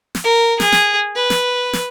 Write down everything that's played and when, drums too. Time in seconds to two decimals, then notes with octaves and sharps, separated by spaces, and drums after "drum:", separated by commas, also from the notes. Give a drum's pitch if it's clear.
0.15 drum: snare
0.24 A#4
0.60 G#4, drum: snare
0.72 drum: snare
1.16 B4
1.30 drum: snare
1.73 drum: snare